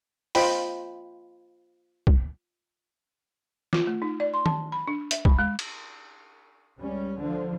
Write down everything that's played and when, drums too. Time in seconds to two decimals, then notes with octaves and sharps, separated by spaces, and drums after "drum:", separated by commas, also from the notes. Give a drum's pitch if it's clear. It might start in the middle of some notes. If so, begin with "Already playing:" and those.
0.35 F4 C5 D#5 G5 B5, drum: open hi-hat
2.07 drum: kick C2
3.73 F4, drum: snare
3.87 A3
4.02 D#4
4.20 D5
4.34 C6
4.46 A5, drum: tom D#3
4.72 B5
4.88 D4
5.11 E5, drum: hi-hat
5.25 B5, drum: kick C2
5.39 G#3
5.59 drum: cymbal
6.80 C#2 G3 C#4
7.21 D3 F3